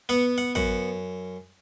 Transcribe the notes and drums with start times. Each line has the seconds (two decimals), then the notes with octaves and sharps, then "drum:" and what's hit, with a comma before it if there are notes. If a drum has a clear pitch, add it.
0.09 B3 F#5
0.38 F#5
0.55 F#2 F#5, drum: kick